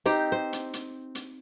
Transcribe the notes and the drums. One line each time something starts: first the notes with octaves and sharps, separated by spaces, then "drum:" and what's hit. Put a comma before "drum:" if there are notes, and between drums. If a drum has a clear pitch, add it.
C4 D#4 G4
C5
drum: hi-hat
drum: hi-hat
drum: hi-hat